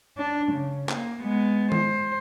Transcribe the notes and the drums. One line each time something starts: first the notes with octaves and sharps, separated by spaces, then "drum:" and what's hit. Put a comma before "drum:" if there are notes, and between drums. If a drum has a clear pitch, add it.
D4
C#3
A#3, drum: clap
G#3 B3
C5, drum: tom D#3